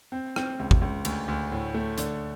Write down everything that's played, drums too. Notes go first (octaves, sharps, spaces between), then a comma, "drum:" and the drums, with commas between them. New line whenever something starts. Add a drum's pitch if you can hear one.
C4
C4, drum: rim click
C#2
drum: kick G#1
C#2
D2, drum: cymbal
D2
A2
A3
D3, drum: hi-hat